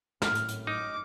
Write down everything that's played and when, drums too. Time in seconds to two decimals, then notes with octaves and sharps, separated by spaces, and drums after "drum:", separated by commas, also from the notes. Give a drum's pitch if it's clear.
0.22 G#1 F#2 A2 F6, drum: snare
0.35 drum: hi-hat
0.48 drum: hi-hat
0.67 D#4 D6